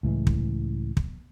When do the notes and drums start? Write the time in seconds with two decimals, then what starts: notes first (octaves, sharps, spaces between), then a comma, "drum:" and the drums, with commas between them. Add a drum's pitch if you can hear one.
0.03 C#2 A2 E3 G#3
0.27 drum: kick
0.97 drum: kick